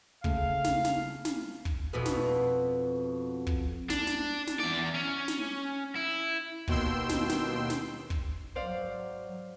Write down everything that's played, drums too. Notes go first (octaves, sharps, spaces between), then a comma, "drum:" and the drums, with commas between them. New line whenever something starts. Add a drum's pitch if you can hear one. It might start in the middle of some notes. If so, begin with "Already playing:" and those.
C#3 A3 F5, drum: kick
drum: snare
drum: snare
drum: snare
drum: kick
F2 B2 B3
drum: snare
drum: kick
D4, drum: snare
drum: snare
drum: snare
E2 D5
C#4
drum: snare
E4
D#2 B2 G5 C6 E6, drum: kick
drum: snare
drum: snare
drum: snare
drum: kick
G#1 F#3 C5 D5 F5